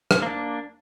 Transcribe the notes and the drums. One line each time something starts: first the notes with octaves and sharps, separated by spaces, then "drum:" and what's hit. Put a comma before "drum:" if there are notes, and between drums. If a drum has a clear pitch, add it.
drum: rim click
A#3 D4